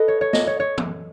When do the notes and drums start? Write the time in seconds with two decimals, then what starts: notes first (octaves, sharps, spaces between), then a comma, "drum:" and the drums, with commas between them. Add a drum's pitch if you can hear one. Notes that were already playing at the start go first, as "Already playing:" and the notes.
Already playing: A4 B4 D#5
0.08 C#5
0.21 C#5
0.33 D#5, drum: snare
0.47 C#5
0.60 C#5
0.78 drum: tom